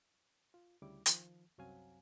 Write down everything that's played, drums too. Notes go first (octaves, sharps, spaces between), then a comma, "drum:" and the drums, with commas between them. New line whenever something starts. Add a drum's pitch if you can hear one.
F4
D2 C#3 G3 E4 D6
D#3 F3, drum: hi-hat
C2 F#2 F#3 C4 F5 G#5